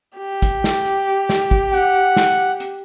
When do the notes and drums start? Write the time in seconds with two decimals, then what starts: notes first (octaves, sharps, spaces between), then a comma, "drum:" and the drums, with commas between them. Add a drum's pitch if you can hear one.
0.17 G4
0.42 drum: kick, hi-hat
0.64 drum: snare
0.86 drum: hi-hat
1.29 drum: snare
1.51 drum: kick
1.73 F#5, drum: hi-hat
2.17 drum: snare
2.60 drum: hi-hat